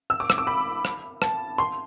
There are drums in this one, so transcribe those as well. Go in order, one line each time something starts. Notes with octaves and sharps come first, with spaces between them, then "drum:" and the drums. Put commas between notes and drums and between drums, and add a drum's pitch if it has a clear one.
E6
D6
E6, drum: rim click
D6
B5
drum: rim click
A5, drum: rim click
C6